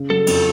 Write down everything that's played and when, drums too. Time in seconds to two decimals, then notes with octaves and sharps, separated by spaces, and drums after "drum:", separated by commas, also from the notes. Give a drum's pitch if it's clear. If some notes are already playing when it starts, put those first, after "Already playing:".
Already playing: C#3
0.09 F#3 A4
0.27 F2, drum: cymbal